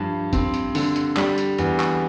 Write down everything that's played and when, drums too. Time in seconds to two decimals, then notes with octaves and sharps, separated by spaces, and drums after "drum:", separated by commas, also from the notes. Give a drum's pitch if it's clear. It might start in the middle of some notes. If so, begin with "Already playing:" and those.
Already playing: G2 F3
0.33 C4, drum: kick, hi-hat
0.54 drum: hi-hat
0.75 D3, drum: open hi-hat
0.96 drum: hi-hat
1.17 G3, drum: clap
1.38 drum: hi-hat
1.59 E2, drum: hi-hat
1.80 drum: clap